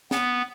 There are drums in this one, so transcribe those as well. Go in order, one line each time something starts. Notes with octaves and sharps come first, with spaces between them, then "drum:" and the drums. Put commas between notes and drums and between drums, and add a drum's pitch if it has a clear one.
B3, drum: snare